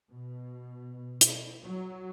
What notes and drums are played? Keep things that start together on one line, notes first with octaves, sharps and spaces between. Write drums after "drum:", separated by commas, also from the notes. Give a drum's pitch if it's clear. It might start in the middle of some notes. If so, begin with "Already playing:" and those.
B2
drum: hi-hat
F#3